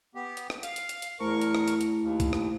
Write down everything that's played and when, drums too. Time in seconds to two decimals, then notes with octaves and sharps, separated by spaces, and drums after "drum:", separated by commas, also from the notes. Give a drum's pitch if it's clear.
0.15 B3 G4
0.37 drum: hi-hat
0.50 drum: rim click
0.63 F5, drum: hi-hat
0.76 drum: hi-hat
0.89 drum: hi-hat
1.02 drum: hi-hat
1.20 E2 A3 E4 A#4 C5 C#6
1.41 drum: hi-hat
1.55 drum: rim click
1.68 drum: hi-hat
1.81 drum: hi-hat
2.01 D#2
2.20 drum: kick, hi-hat
2.33 drum: rim click